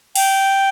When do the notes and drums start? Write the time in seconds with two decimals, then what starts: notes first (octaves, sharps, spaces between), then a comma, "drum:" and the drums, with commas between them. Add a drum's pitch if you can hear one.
0.16 G5, drum: cymbal